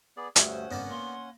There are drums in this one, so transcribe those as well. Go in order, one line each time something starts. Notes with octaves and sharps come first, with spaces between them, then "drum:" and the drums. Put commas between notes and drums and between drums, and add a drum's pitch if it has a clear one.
B3 G#4 D5
D2 G2 C#5, drum: hi-hat
C#4 C5 F#5
G#1 C#3 B3 A#4 D5 A#6
A#3 C6